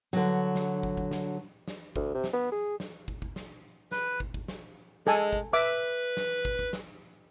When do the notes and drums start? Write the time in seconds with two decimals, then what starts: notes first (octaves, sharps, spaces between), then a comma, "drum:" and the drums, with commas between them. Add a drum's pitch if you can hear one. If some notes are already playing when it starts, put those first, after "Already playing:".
0.13 D3 F#3
0.55 drum: snare
0.83 drum: kick
0.97 drum: kick
1.11 drum: snare
1.68 drum: snare
1.96 D2, drum: kick
2.15 C3
2.24 drum: snare
2.33 B3
2.52 G#4
2.80 drum: snare
3.08 drum: kick
3.22 drum: kick
3.36 drum: snare
3.91 B4, drum: snare
4.20 drum: kick
4.34 drum: kick
4.48 drum: snare
5.07 G#3 A4 G#5, drum: snare
5.33 drum: kick
5.53 B4 E5 D6
6.17 drum: snare
6.45 drum: kick
6.59 drum: kick
6.73 drum: snare